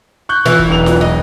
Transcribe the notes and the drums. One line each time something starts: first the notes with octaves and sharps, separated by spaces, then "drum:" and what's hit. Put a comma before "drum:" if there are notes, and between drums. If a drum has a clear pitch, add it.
C#6 F#6 G6
E3, drum: snare F4
drum: kick
E1 B1 F7
drum: snare F4
D#5